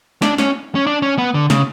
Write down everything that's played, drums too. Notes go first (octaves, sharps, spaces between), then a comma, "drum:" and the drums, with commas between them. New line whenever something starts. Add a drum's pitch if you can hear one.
D4, drum: snare
C#4, drum: snare
C#4
D4
C#4
B3
D3
C#3, drum: snare